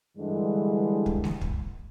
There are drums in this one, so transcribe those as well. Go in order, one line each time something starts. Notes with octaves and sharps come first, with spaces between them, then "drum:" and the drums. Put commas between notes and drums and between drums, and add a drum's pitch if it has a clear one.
G2 D3 E3 G#3
drum: kick
drum: snare G#3
drum: kick